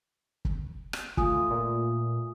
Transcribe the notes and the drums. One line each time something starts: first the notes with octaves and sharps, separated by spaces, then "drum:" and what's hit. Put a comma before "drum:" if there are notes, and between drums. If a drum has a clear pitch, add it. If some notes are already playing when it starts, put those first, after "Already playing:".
drum: kick
drum: rim click
A3 F4 G#5 D#6, drum: kick
A#2